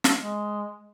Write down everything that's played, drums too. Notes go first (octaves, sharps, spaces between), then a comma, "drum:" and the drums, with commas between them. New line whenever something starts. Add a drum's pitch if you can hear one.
drum: snare
G#3